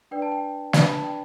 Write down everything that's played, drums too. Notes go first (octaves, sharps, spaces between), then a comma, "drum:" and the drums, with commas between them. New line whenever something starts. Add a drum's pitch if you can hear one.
D4 B4 D5 G5
A5
G5
D4 B4 D5 A5, drum: snare
B5
A5
G5